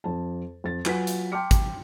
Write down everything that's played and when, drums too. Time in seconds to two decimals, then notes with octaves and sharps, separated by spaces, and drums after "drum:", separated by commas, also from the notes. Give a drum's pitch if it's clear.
0.04 F2 A5
0.64 F2 A6
0.85 F#3 F4 B4 F#5 G#5 B6, drum: clap
1.07 drum: hi-hat
1.32 G5 A5 C6 D6 F6 C#7
1.51 drum: kick, hi-hat